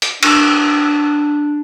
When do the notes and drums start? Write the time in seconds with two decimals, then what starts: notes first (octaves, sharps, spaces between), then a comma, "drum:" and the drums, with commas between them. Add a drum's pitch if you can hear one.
0.02 drum: hi-hat
0.23 D4, drum: cymbal